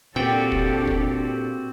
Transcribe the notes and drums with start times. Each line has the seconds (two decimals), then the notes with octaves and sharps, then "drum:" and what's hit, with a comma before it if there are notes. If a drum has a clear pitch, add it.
0.16 A#2 C4 D4 F#4 G4 A4 D5 G5
0.52 drum: kick
0.87 drum: kick